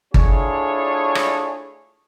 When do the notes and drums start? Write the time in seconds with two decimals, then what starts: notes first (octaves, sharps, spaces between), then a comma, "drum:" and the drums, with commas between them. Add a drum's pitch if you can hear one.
0.14 A3 D4 E4 F4 G#4 C#5, drum: kick G1
1.15 drum: rim click